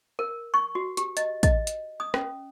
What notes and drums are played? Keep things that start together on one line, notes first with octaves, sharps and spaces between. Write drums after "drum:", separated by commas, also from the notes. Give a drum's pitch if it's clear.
A#4
C#6
F#4
G4, drum: hi-hat
D#5, drum: hi-hat
D#5, drum: kick, hi-hat
drum: hi-hat
D#6
C#4, drum: rim click